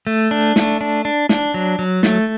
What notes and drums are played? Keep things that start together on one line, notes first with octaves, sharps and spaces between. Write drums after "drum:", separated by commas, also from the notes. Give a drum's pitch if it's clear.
A3
D4
A3, drum: snare
D4
D4
D4, drum: snare
F#3
F#3
A3, drum: snare